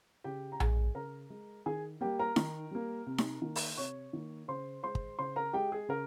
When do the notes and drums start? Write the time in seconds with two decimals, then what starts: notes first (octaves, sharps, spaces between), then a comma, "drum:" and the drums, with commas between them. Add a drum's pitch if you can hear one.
0.24 C#3 G4 G5
0.52 A#5
0.60 G#3 G#4 G#5, drum: tom A#1
0.95 C#3 A#4 A#5
1.30 G#3
1.66 D#3 G#4 G#5
2.01 G3 A#3 G4 G5
2.19 A#4 A#5
2.36 D#3, drum: snare D#4
2.71 G3 A#3
3.07 C3
3.18 drum: snare D#4
3.42 D#3 A#3
3.56 drum: open hi-hat
3.77 C3 C#5 C#6
4.13 D#3 A#3
4.48 C#3 C5 C6
4.83 G#3 C5 C6
4.95 drum: kick
5.19 C#3 C5 C6
5.36 A#4 A#5
5.53 G#3 G4 G5
5.72 G#4
5.89 C#3 A#4